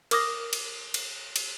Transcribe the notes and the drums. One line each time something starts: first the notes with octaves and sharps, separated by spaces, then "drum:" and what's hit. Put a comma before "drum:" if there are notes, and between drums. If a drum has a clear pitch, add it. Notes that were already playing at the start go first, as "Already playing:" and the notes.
A#4 D6 D#6 A#6, drum: cymbal
drum: cymbal
drum: cymbal
drum: cymbal